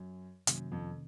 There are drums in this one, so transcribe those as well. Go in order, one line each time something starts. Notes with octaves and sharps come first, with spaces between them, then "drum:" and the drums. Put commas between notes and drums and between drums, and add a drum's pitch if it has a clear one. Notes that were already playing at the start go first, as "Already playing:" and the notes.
Already playing: F#2
F#2 C3 D#3 A#3 C#4, drum: hi-hat
F2